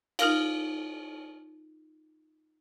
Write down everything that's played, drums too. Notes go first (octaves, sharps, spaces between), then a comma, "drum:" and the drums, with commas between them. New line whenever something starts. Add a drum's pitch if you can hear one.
D#4 F4 A#4 F5, drum: cymbal